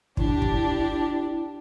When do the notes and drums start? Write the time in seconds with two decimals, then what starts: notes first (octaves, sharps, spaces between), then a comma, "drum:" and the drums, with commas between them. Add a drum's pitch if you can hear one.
0.17 D4 E4 G4, drum: kick
0.42 drum: kick